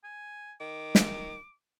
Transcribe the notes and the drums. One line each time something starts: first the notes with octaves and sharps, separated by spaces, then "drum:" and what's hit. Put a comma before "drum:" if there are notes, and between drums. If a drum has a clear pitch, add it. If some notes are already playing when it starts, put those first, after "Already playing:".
G#5
D#3 D6
drum: snare